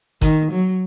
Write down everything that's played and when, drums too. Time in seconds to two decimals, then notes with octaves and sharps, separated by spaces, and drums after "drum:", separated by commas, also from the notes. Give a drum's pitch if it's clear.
0.21 D#3, drum: kick G1, hi-hat
0.52 F#3